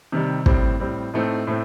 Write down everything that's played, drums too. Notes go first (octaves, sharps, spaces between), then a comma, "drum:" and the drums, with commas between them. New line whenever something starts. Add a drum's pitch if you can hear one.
C3 D#3 G3
A2 G3 C4, drum: kick
A2 G3 C4
A2 A3 C4 D#4
A2 A3 C4